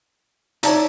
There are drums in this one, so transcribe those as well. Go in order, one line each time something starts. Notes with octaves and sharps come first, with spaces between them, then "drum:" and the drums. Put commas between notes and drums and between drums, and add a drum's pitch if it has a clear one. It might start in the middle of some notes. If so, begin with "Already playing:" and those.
D#4 C#5 D5 E5 A5 A#5, drum: hi-hat